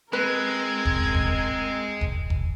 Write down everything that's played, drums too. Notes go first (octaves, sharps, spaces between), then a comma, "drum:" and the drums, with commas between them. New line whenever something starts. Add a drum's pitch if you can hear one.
G#3 C4 A#4 B4 G#6
drum: kick E1
drum: kick E1
drum: kick E1
drum: kick E1